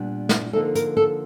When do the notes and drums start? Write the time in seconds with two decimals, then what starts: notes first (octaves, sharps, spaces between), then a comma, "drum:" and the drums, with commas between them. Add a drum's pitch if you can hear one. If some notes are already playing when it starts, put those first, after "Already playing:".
Already playing: A#2 G3 B3 D4
0.29 drum: snare
0.53 D3 F3 A#3 D#4 A4
0.75 A#4, drum: hi-hat
0.97 A4